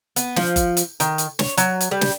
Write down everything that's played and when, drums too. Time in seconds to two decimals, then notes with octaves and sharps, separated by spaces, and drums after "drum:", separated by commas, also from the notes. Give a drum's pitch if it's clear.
0.16 B3, drum: hi-hat
0.36 F3, drum: snare
0.56 drum: kick F#1, hi-hat
0.77 drum: hi-hat
1.00 D#3, drum: hi-hat
1.18 drum: hi-hat
1.39 C#5, drum: snare
1.57 F#3, drum: hi-hat
1.81 drum: hi-hat
1.91 G3
2.01 drum: snare